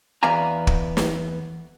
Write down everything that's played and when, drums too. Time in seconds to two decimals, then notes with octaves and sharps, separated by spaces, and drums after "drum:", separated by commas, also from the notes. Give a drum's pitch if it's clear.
0.23 E2 B3 D5 F5 G#5 A#5
0.67 drum: kick
0.97 drum: snare